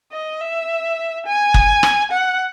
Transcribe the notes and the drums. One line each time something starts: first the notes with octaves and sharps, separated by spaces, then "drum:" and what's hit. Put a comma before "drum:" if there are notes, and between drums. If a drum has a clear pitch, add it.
D#5
E5
G#5
drum: kick F#1
drum: rim click
F#5